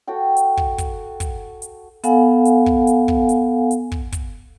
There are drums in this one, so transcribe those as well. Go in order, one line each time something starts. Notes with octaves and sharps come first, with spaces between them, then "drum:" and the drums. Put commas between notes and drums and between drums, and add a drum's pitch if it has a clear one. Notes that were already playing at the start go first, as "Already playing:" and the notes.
F#4 A4 F#5 G5
drum: hi-hat
drum: kick
drum: kick, hi-hat
drum: kick, hi-hat
drum: hi-hat
B3 A4 F5 F#5 G#5, drum: hi-hat
drum: hi-hat
drum: kick
drum: hi-hat
drum: kick
drum: hi-hat
drum: hi-hat
drum: kick
drum: kick, hi-hat